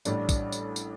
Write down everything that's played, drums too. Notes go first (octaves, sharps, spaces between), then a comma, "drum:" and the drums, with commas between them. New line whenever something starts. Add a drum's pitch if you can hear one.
A1 A2 G3 D4, drum: tambourine
drum: kick, tambourine
drum: tambourine
drum: tambourine